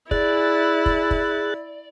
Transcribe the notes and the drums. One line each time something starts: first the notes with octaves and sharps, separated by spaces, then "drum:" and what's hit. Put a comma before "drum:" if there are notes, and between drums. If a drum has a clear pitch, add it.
E4 G#4 D5 F#6 A6, drum: kick
drum: kick
drum: kick